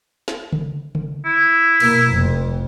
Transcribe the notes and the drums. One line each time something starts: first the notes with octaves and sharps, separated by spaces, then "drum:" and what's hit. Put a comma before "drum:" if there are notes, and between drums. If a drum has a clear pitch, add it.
drum: snare
drum: tom C#3
drum: tom C#3
E4
B2 A#3, drum: cymbal
F1 F2